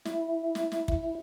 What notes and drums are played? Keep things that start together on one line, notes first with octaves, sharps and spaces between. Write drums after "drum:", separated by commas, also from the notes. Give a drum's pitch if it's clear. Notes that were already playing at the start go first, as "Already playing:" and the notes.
E4, drum: snare
drum: snare
drum: snare
drum: kick